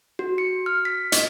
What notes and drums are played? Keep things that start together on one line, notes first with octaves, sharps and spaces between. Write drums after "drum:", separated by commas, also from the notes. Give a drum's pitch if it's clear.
F#4
C#7
F6
B6
D#5, drum: hi-hat